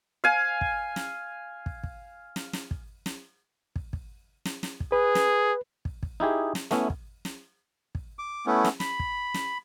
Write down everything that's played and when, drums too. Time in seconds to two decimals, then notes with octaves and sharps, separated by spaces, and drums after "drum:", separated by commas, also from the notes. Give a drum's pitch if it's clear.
0.24 F5 G#5
0.61 drum: kick
0.96 drum: snare
1.66 drum: kick
1.83 drum: kick
2.36 drum: snare
2.53 drum: snare
2.71 drum: kick
3.06 drum: snare
3.76 drum: kick
3.93 drum: kick
4.45 drum: snare
4.63 drum: snare
4.80 drum: kick
4.92 G#4 B4
5.15 drum: snare
5.85 drum: kick
6.03 drum: kick
6.20 D#4 E4 G4 G#4
6.55 drum: snare
6.71 A3 B3 C#4 E4, drum: snare
6.90 drum: kick
7.25 drum: snare
7.95 drum: kick
8.19 D6
8.46 A3 B3 C#4 E4
8.65 drum: snare
8.80 B5, drum: snare
8.99 drum: kick
9.34 drum: snare